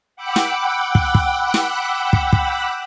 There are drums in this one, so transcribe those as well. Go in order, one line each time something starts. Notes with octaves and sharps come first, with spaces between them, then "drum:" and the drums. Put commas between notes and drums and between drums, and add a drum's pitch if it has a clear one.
F#5 G5 B5 D6 E6 F#6
drum: snare
drum: kick
drum: kick
drum: snare
drum: kick
drum: kick